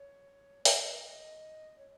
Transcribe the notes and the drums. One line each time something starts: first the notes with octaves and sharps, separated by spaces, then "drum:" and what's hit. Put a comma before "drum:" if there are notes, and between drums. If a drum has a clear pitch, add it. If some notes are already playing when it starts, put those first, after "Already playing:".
Already playing: C#5
D#5, drum: open hi-hat
C#5